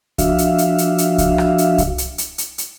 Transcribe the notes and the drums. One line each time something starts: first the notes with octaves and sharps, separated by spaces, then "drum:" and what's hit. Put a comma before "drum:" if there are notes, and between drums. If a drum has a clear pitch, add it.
F3 D4 F#4 E5 F5, drum: kick C2, hi-hat
drum: hi-hat
drum: hi-hat
drum: hi-hat
drum: hi-hat
drum: kick C2, hi-hat
drum: rim click
drum: hi-hat
drum: kick C2, hi-hat
drum: hi-hat
drum: hi-hat
drum: hi-hat
drum: hi-hat